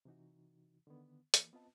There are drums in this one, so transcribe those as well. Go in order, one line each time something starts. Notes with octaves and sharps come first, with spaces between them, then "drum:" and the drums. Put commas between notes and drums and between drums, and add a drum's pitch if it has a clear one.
C3 E3 D#4 F#4
D3 D#3 B3
E3 A#3, drum: hi-hat
B3 C4 F4 B4 D#5 A5